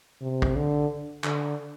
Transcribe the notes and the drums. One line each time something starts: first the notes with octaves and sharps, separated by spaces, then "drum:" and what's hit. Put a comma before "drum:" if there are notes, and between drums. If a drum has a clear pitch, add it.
C3
drum: kick
D3
D3, drum: clap